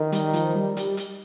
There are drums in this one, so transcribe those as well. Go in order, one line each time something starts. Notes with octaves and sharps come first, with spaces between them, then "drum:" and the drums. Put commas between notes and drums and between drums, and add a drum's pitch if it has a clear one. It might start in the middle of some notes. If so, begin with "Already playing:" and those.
Already playing: D#3
G3, drum: hi-hat
F3, drum: hi-hat
G3
G3, drum: hi-hat
drum: hi-hat